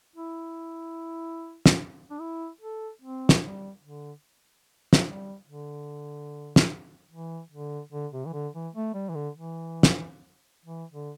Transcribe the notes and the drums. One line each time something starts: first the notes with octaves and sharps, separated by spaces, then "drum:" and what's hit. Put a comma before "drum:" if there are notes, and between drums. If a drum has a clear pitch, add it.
E4
drum: snare
D4
E4
A4
C4
drum: snare
G3
D3
drum: snare
G3
D3
drum: snare
E3
D3
D3
C3
E3
D3
E3
A3
G3
E3
D3
E3
drum: snare
E3
D3